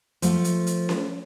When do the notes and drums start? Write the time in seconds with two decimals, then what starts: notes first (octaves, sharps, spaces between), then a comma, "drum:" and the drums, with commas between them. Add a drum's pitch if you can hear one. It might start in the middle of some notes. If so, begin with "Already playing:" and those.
0.22 F3 A3, drum: hi-hat
0.44 drum: hi-hat
0.67 drum: hi-hat
0.89 drum: snare C#4